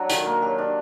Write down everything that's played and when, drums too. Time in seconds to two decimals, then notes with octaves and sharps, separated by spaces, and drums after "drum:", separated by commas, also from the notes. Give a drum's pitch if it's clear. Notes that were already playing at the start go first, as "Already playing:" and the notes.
Already playing: F#3 D4 F#4
0.10 D#3, drum: hi-hat
0.26 A#3
0.42 F#3 G4
0.58 D4